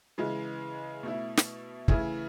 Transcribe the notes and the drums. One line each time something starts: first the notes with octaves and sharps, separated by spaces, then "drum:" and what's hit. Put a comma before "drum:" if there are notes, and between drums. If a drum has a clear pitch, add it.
C#3 E3 G#3
B2 A3 E4
drum: snare
C#3 E3 A3 E4 G#4, drum: kick